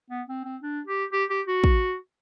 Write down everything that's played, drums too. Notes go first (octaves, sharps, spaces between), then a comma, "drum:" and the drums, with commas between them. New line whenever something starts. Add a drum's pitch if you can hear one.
B3
C4
C4
D4
G4
G4
G4
F#4
drum: kick